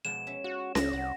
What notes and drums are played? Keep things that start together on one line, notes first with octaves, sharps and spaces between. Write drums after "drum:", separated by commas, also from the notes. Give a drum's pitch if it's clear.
B2 F3 G#3 E7
C#4 E5
F4 F#4
C#2 A#6, drum: snare C#4
C2 F#4